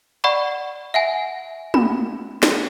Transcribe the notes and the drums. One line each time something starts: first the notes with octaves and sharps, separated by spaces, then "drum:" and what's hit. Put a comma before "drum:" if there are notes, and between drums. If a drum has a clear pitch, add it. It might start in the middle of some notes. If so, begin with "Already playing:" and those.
D5 F#5 B5 C#6
E5 F#5 G#5
B5, drum: tom
drum: snare